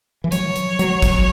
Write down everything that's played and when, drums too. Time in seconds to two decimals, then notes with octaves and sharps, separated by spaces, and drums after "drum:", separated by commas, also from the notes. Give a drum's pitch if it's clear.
0.24 E3
0.32 F#3 C#5, drum: hi-hat
0.56 drum: hi-hat
0.79 F#3, drum: hi-hat
1.02 drum: kick, hi-hat